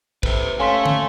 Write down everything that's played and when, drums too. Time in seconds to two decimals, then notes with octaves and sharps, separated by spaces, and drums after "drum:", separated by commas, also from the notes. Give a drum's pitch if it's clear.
0.23 C3 A4 B4, drum: kick
0.59 A3 C#4 A4 F5 C6 B6
0.86 drum: tom D3